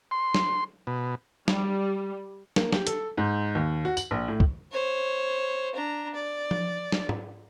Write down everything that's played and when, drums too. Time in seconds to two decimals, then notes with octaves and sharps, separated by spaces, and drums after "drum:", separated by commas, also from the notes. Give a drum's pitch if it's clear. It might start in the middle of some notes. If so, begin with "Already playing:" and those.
0.11 C6
0.35 drum: snare
0.87 B2
1.48 G3, drum: snare
2.56 A#3, drum: snare
2.73 G4, drum: snare
2.87 A4, drum: hi-hat
3.18 G#2
3.55 D#2
3.85 F#4
3.97 F#7, drum: tambourine
4.11 A#1
4.28 A2
4.40 drum: kick
4.72 C5 C#5
5.75 D4 A#5
6.14 D5
6.51 drum: tom F3
6.92 drum: snare
7.09 drum: tom